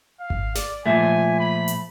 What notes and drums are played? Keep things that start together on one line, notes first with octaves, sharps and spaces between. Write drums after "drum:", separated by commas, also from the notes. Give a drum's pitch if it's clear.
F5
drum: kick G#1
D5, drum: snare
A#2 F3 A3 G#5
B5
drum: hi-hat